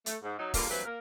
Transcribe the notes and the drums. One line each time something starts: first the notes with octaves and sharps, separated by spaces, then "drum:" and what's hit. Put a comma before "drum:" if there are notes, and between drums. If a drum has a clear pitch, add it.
A3, drum: hi-hat
G#2
F#3 D#4
D3 F3 G3 A#3, drum: kick E1, open hi-hat
G2 E3 F#3 A#3 C4 B4
A#3 A#4